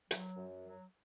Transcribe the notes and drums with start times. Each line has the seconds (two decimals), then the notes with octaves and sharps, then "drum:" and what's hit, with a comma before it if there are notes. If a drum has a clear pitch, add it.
0.11 F#3, drum: hi-hat
0.37 F#2
0.63 F#3